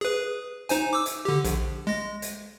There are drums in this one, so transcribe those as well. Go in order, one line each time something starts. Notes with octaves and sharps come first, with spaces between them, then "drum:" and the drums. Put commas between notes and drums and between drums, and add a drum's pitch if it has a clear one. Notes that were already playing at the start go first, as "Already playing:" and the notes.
G#4 B4
D#4 C5 G#5, drum: hi-hat
D6 E6
drum: hi-hat
D3 G4
A#1, drum: hi-hat
G#3 A#6
drum: hi-hat